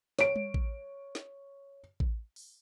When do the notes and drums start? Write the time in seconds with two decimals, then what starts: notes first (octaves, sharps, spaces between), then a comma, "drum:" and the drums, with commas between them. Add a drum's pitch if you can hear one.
0.19 C#5 D7, drum: snare
0.36 drum: tom G3
0.54 drum: kick A1
1.15 drum: snare
2.00 drum: kick A1
2.36 drum: open hi-hat